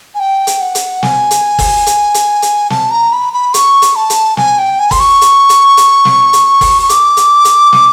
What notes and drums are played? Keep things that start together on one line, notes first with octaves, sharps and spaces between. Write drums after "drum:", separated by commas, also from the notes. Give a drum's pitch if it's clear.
G#5
G5
drum: hi-hat
F#5
drum: hi-hat
G#5, drum: snare
drum: hi-hat
drum: kick, open hi-hat
drum: hi-hat
drum: hi-hat
drum: hi-hat
A5, drum: snare
A#5
B5
B5
C#6, drum: hi-hat
drum: hi-hat
A5
drum: hi-hat
G#5, drum: snare
G5
G#5
C6, drum: kick, open hi-hat
C#6
drum: hi-hat
drum: hi-hat
drum: hi-hat
drum: snare
drum: hi-hat
drum: kick, open hi-hat
C#6
D6, drum: hi-hat
drum: hi-hat
drum: hi-hat
drum: snare